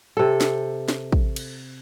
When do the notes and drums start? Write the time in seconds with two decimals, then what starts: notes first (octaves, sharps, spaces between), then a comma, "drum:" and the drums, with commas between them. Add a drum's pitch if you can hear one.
0.17 C3 A4
0.41 drum: snare
0.89 drum: snare
1.12 drum: kick
1.36 drum: cymbal